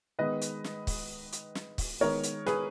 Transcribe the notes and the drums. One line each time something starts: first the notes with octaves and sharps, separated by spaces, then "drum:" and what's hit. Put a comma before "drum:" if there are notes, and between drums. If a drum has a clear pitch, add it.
D#3 G#3 B3 B4 D#5
drum: hi-hat
drum: snare
drum: kick C#1, open hi-hat
drum: hi-hat
drum: snare
drum: kick C#1, open hi-hat
D#3 G#3 B3 A#4 C#5
drum: hi-hat
G#4 B4, drum: snare